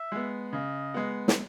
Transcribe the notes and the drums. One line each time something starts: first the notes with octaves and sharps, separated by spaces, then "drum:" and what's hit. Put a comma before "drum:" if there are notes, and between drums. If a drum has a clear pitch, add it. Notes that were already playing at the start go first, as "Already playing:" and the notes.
Already playing: E5
G#3 B3
C#3 D#5
G#3 B3
drum: snare